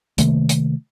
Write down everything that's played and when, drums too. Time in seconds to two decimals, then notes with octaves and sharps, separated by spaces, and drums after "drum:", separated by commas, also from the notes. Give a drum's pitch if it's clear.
0.18 C3 D#3 A3 A#3, drum: hi-hat
0.49 drum: hi-hat